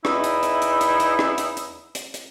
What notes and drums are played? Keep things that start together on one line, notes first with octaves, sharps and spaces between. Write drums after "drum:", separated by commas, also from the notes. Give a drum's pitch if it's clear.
E2 D#4 E4, drum: rim click
drum: hi-hat
drum: hi-hat
drum: hi-hat
drum: hi-hat
drum: hi-hat
drum: rim click
drum: hi-hat
drum: hi-hat
drum: hi-hat
drum: hi-hat